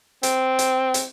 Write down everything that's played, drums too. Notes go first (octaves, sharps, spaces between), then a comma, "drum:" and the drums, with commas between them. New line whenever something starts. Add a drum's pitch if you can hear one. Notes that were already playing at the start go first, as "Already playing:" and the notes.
C4, drum: hi-hat
drum: hi-hat
drum: hi-hat